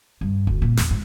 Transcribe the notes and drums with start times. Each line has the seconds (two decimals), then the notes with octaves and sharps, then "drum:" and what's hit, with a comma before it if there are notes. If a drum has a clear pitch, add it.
0.21 G2
0.47 D2, drum: kick D#1
0.62 A#2
0.77 E2, drum: snare
0.91 G#2